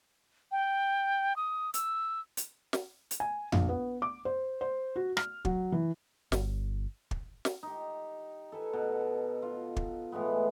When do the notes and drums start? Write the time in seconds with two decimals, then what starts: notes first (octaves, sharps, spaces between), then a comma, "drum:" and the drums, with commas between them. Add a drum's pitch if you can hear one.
0.52 G5
1.36 D#6
1.74 E6, drum: hi-hat
2.37 drum: hi-hat
2.73 drum: snare
3.11 drum: hi-hat
3.20 G#5
3.52 A#1, drum: tom F2
3.69 B3
4.02 D6
4.25 C5
4.61 C5
4.96 F#4
5.17 F6, drum: rim click
5.45 F#3, drum: kick
5.72 E3
6.32 G1, drum: snare
7.11 drum: kick
7.45 drum: snare
7.63 D#4 G4
8.52 A4 B4 G#5
8.73 B2
9.42 F4
9.76 drum: kick
10.12 A2 E3 G#3 B3